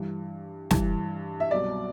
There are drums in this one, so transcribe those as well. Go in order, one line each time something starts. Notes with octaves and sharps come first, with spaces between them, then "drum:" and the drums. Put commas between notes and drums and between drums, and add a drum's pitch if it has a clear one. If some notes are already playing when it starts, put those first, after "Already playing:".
Already playing: G2 E3
G2 E3, drum: snare
E5
C2 B2 F#3 D5